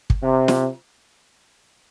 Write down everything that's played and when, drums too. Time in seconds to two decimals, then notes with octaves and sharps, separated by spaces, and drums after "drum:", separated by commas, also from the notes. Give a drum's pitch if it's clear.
0.10 drum: kick
0.22 C3
0.48 drum: snare